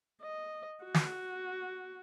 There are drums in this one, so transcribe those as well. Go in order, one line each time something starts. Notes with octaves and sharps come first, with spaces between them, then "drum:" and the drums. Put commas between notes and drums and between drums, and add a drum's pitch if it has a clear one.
D#5
F#4
drum: snare